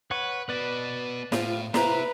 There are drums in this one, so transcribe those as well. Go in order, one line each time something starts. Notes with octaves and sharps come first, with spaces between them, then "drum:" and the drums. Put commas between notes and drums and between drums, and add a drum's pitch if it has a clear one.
B4 C#5 F#5 C#6
B3 F#4 B4 D5
A2 F4, drum: snare
E4 G4 B4 C5 A#5, drum: snare